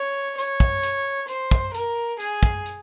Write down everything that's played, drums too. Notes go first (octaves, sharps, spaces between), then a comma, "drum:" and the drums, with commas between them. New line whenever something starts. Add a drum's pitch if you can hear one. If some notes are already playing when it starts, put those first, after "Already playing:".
Already playing: C#5
C#5, drum: hi-hat
drum: kick
drum: hi-hat
C5, drum: hi-hat
drum: kick
A#4, drum: hi-hat
G#4, drum: hi-hat
drum: kick
drum: hi-hat